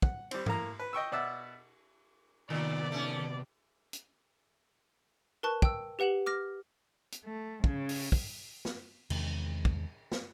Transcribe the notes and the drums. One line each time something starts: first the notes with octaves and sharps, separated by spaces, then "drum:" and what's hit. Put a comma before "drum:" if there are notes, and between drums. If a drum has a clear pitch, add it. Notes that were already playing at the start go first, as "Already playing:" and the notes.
F#5, drum: kick
G3 C4, drum: cymbal
A2 A#3 A#5, drum: tom G#2
B4
D#5 G5 C#6 E6
B2 D5 E5 F#5 E6
A2 C3 D#3 B3 D5 A#5
A3 C#4
drum: hi-hat
A#4 B4 A5 C#6 F#6
G5 E6, drum: kick
G4 B4 F#5 E7 F#7
D6 F6 A#6
drum: hi-hat
A3
C#3, drum: kick
drum: open hi-hat
drum: kick
drum: snare
E2 C3 D#3 G#3, drum: cymbal
drum: kick
drum: snare